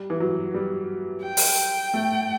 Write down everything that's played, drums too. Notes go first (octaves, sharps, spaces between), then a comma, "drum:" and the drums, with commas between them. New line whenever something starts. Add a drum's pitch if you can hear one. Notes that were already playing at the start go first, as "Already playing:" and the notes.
Already playing: G3
E3
F#3
G3
G5
drum: open hi-hat
A3